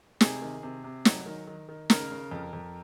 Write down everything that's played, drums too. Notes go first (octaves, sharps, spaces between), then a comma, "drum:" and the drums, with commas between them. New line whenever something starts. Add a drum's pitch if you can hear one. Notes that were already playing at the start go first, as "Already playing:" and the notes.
C3 G#4, drum: snare
D#3
C3
C3
F#3, drum: snare
D#3
D#3
D#3
C#3 A#4, drum: snare
C#3
F2
F2